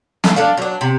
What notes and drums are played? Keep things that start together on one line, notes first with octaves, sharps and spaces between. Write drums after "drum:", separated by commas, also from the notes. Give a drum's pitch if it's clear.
A3, drum: snare
D4 A4 F5
F#3 D4
C3